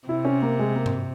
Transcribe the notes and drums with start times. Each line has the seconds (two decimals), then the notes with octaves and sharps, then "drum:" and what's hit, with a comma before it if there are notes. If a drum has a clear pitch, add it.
0.08 C3 E4
0.25 C#4
0.42 A#3
0.59 G#3
0.76 A#3
0.86 drum: tom G2